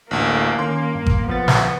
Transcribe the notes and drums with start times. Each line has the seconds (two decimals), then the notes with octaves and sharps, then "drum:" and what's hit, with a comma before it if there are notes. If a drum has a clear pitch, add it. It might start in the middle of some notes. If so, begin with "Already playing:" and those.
0.11 A1 D2 A#3
0.59 D#3 C#4 C6
0.95 G2
1.06 drum: kick G#1
1.27 B1 F3 B3 A6
1.48 drum: snare